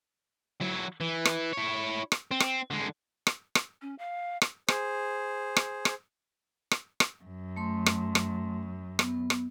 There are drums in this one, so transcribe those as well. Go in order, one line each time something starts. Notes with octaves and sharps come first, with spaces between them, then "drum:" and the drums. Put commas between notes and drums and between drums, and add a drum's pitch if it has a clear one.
F#3 E4
E3
drum: rim click
E4 C#5
drum: rim click
C4
drum: rim click
D3 G#3
drum: rim click
drum: rim click
C#4
F5
drum: rim click
G#4 C5, drum: rim click
drum: rim click
drum: rim click
drum: rim click
drum: rim click
F#2
A3 C6
drum: rim click
drum: rim click
B3, drum: rim click
drum: rim click